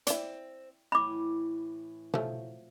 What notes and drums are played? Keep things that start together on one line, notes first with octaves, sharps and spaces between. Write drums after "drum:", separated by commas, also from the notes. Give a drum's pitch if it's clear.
C4 E4 D5, drum: hi-hat
A2 E3 B5 D6
F3 F#3 A3, drum: tom B2